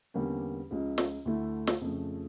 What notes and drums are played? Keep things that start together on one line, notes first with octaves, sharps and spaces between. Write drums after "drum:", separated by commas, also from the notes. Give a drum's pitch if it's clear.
E2 D3 G3 A#3 C#4
C#2 C#3 F3
drum: snare
D2 D3 A3 E4
drum: snare
F2 C#3 F3 A3